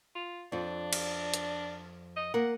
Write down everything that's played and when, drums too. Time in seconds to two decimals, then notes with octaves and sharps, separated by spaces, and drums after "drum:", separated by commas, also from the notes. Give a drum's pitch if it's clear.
0.15 F4
0.52 F2 D4 F4
0.93 drum: cymbal
1.34 drum: hi-hat
2.16 D#5
2.34 A#3 A#4 F#5